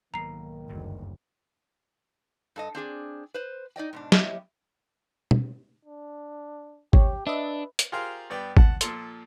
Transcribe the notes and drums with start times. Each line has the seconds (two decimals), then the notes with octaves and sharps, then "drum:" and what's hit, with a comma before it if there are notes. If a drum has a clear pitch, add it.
0.14 B1 G#2 B2 D#3 A#3 A#5 C7
0.69 F#1 D2 G2 F#3
2.56 G2 A4 D#5
2.75 C4 D4 G#4 D5
3.34 B4 C5
3.76 D#4 D5 D#5 G5
3.93 G#2 B2 D4
4.12 A#3 E4 G4 C#5 D#5 E5, drum: snare
5.31 drum: tom
5.85 D4
6.93 G4 C#5, drum: kick G#1
7.27 D4 B4 D#5 E5
7.79 drum: hi-hat
7.92 F4 G4 G#4 A#4 C5 F5
8.30 G2 B3 D5 G5
8.57 F#5 A5, drum: kick G#1
8.81 A#2 F3 A4 C6, drum: hi-hat